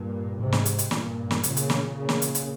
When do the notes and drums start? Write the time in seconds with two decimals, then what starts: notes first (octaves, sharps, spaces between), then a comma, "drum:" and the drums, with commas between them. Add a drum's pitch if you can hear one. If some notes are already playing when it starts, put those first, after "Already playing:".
Already playing: G2 A#2
0.39 G#2 C3
0.52 drum: snare
0.66 drum: hi-hat
0.79 drum: hi-hat
0.91 G2 A#2, drum: snare
1.31 drum: snare
1.43 A#2 C#3, drum: hi-hat
1.57 drum: hi-hat
1.70 drum: snare
1.96 A#2 C#3
2.09 drum: snare
2.22 drum: hi-hat
2.35 drum: hi-hat